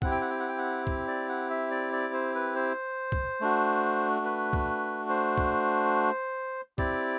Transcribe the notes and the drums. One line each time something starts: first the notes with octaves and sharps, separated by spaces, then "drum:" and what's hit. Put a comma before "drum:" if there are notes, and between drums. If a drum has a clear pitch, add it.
C4 E4 G4 F#5, drum: kick
G5
F#5
G5
F#5
G5
F#5
drum: kick
D5
F#5
E5
D5
D5
C5
B4
C5
drum: kick
A3 D4 F#4
B4
drum: kick
C5
drum: kick
C4 E4 G4 D5, drum: kick